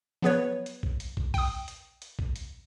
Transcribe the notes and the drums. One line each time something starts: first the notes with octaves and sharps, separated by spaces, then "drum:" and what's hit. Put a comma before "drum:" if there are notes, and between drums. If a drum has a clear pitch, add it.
F3 F#3 B3 G#4 B4 C#5
drum: hi-hat
drum: kick
drum: hi-hat
drum: kick
G5 D#6, drum: kick, open hi-hat
drum: hi-hat
drum: hi-hat
drum: kick
drum: hi-hat